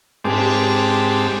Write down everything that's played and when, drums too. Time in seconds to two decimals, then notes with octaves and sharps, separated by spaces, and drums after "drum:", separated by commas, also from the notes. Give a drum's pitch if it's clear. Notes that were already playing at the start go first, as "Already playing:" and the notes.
0.24 G#2 G#3 C4 G4 A5 D6, drum: cymbal